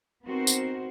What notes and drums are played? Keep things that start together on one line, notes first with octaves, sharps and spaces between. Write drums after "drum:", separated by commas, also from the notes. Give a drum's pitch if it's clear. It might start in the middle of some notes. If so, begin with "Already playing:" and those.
B3 C4 D#4 F#4 A#4 C5
drum: tambourine